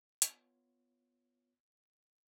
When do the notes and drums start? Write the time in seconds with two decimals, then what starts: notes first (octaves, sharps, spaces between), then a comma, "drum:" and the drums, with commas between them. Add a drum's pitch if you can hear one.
0.22 B3 F4 C#5, drum: hi-hat